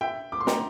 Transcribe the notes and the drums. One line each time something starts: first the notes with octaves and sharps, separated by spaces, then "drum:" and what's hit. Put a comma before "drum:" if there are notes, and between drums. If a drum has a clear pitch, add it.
E5 G5
D6
C6
G5 A#5, drum: snare